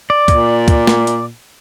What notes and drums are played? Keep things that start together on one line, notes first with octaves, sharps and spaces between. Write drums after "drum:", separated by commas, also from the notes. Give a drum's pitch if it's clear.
D5
A#2, drum: kick, hi-hat
drum: kick, hi-hat
drum: snare
drum: hi-hat